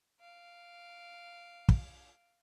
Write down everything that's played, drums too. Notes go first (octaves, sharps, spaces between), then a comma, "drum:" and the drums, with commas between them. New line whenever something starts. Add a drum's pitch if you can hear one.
F5 D7
drum: kick